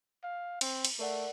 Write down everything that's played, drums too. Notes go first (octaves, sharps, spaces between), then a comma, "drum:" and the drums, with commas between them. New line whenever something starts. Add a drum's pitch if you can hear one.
F5
C4, drum: cymbal
drum: cymbal
A3 A#4 D5 F#5